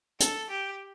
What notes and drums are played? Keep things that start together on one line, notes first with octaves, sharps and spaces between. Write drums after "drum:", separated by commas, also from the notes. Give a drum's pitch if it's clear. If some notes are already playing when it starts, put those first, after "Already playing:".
A4, drum: hi-hat
G4